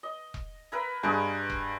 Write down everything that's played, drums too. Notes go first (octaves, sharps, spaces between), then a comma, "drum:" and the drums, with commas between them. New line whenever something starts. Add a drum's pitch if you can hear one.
D#5
drum: kick E1
E4 A#4 B4
G2 G#3 G#4
drum: kick E1